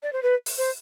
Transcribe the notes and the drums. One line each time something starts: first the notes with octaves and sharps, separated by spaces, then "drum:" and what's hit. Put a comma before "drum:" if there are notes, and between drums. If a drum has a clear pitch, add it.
D5
C5
B4
drum: open hi-hat
C5